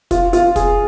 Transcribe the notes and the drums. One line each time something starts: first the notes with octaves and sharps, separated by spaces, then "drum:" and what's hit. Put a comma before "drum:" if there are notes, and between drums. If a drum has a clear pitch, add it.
F4, drum: kick, hi-hat
F4, drum: hi-hat
G#4, drum: kick, hi-hat